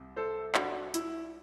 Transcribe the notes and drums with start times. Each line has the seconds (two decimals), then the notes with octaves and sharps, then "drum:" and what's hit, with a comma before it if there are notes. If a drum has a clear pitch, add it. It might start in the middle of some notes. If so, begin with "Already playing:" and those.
Already playing: C2 C3
0.16 A4 C5
0.55 D4 F#4, drum: clap
0.94 E4, drum: hi-hat